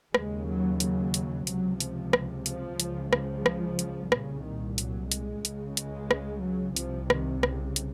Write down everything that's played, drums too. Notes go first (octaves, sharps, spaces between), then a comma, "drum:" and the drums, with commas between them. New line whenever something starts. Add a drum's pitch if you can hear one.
D#2 C#3 G#3, drum: rim click
F#3
F#3, drum: hi-hat
drum: hi-hat
C#2 C3 F#3, drum: hi-hat
F3, drum: hi-hat
drum: rim click
F3, drum: hi-hat
C#2 C#3, drum: hi-hat
F3, drum: rim click
drum: rim click
drum: hi-hat
C2 A#2 C#3, drum: rim click
D#3
F#3, drum: hi-hat
G#3, drum: hi-hat
C#2 C#3, drum: hi-hat
G#3, drum: hi-hat
drum: rim click
F#3
C2 C3 F3, drum: hi-hat
D#3, drum: rim click
C#3, drum: rim click
drum: hi-hat